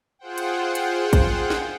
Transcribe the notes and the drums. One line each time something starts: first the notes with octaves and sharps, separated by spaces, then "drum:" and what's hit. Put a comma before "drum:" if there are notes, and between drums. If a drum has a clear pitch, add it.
F4 G#4 C5 F#5 G5
drum: hi-hat
drum: hi-hat
drum: kick, hi-hat
drum: snare